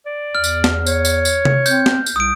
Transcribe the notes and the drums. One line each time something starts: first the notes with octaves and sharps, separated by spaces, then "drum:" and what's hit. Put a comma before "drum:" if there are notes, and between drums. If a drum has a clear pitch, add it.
D5
E2 F6
drum: tambourine
drum: snare
C#5, drum: tambourine
drum: tambourine
drum: tambourine
drum: tom C3
C4 G6, drum: tambourine
drum: snare
drum: tambourine
C2 D#6 D7